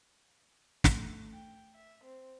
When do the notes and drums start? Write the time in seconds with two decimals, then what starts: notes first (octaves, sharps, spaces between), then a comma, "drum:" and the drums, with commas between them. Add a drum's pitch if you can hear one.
0.84 A3, drum: snare
1.31 G5
1.74 E5
2.03 C4